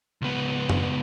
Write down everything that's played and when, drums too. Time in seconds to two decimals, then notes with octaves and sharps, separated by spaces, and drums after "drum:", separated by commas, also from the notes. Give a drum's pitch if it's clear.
0.22 C#2 B3
0.69 drum: tom F#2